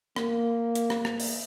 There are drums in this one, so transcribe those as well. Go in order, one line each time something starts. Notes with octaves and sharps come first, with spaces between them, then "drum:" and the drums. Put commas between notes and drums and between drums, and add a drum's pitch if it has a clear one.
A#3, drum: rim click
drum: hi-hat
drum: rim click
drum: rim click
drum: open hi-hat